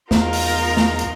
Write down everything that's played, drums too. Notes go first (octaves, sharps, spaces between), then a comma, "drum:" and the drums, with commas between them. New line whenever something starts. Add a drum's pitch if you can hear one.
E2 D#4 F4 A#4, drum: snare
drum: open hi-hat
drum: snare
drum: hi-hat